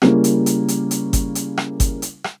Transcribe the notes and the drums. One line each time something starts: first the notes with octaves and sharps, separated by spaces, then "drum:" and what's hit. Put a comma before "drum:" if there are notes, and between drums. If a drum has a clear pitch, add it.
C#3 G3 A#3 C#4 E4, drum: rim click
drum: hi-hat
drum: hi-hat
drum: hi-hat
drum: hi-hat
drum: kick G1, hi-hat
drum: hi-hat
drum: rim click
drum: kick G1, hi-hat
drum: hi-hat
drum: rim click